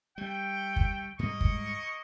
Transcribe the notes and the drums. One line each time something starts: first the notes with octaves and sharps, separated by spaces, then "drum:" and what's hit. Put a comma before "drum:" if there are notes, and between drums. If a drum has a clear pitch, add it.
G3 A3 G5
drum: kick
G#2 G3 G#3 A#3 D#5 C#6
drum: kick